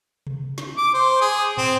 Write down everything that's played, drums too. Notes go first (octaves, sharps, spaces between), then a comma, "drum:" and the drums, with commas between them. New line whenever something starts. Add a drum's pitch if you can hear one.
drum: tom C3
drum: snare
D6
C5
G#4
C4, drum: tom